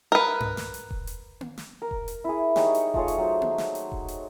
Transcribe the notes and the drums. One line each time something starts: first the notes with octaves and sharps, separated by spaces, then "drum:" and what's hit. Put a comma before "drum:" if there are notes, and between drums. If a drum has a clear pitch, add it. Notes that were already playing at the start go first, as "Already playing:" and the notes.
A#4 B4
drum: tom G2
drum: snare
drum: hi-hat
drum: kick E1
drum: hi-hat
drum: tom A#3
drum: snare
A#4
drum: kick E1
drum: hi-hat
E4 G#4
D#4 G4 G#4 C#5, drum: snare
drum: hi-hat
A3 F4 G#4 C#5, drum: kick E1
drum: hi-hat
F#3 C5
drum: tom A#3
drum: snare
drum: hi-hat
drum: kick E1
drum: hi-hat